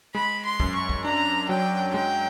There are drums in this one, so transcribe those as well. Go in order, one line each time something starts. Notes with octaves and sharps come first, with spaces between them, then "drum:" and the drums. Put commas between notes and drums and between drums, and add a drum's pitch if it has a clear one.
G#3 B5
C6
F#2, drum: kick
C#6
drum: kick
D4 A#5
F#3 G5
G#3 G5